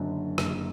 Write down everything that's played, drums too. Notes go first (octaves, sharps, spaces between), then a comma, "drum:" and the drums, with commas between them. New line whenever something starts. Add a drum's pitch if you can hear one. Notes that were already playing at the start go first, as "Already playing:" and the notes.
Already playing: F#1 F#2 D3
F#1, drum: rim click